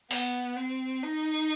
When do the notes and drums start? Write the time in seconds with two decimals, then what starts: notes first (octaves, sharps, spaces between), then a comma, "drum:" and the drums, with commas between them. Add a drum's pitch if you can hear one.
0.11 B3, drum: open hi-hat
0.56 C4
1.03 D#4